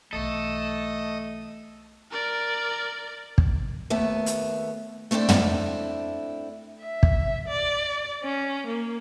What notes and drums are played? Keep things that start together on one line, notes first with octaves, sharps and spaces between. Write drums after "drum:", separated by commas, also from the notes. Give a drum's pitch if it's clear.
B1 E3 A3 A4 D#5
A#4 D5
drum: kick
D#2 A3 B3 E5
drum: hi-hat
A3 C4 D4 E4 A4
drum: tom
E5
drum: kick
D5
C#4
A#3